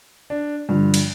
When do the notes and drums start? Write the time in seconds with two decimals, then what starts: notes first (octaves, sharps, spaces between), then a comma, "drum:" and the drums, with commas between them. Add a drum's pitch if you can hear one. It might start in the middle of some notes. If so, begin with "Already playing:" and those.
0.30 D4
0.69 G2 D3 F3
0.94 drum: cymbal